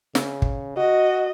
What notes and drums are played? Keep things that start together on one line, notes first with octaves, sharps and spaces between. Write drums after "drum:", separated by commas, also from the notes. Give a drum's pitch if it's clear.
C#3, drum: snare
drum: kick
F#4 D#5